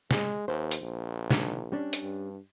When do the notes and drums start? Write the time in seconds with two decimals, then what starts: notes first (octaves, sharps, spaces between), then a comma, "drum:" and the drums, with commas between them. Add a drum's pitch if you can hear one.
0.11 G#3, drum: snare
0.48 D#2 C5
0.71 drum: hi-hat
0.82 A#1
1.31 C3 D#3 D4, drum: snare
1.72 G3 C#4 D4
1.93 drum: hi-hat
2.03 G2